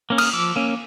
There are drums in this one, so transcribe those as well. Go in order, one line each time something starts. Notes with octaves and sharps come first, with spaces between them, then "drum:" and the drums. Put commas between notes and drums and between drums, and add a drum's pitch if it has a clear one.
A#3 C#4
D#6 F6, drum: cymbal
F3 D6 E6
A#3 C#4